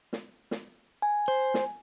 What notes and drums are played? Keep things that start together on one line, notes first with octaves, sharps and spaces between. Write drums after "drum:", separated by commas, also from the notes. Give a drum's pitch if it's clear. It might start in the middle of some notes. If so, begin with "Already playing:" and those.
drum: snare
drum: snare
G#5
C5
drum: snare